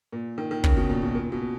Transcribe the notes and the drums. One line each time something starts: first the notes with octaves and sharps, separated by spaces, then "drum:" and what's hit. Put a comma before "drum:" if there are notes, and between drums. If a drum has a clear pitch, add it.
A#2
D#3
D#3
C#3, drum: kick
B2
A#2
B2
A#2
B2